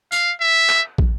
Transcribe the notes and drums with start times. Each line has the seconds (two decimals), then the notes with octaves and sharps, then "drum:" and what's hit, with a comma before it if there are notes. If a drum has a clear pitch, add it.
0.12 F5, drum: tambourine
0.41 E5
0.69 drum: clap
0.98 drum: kick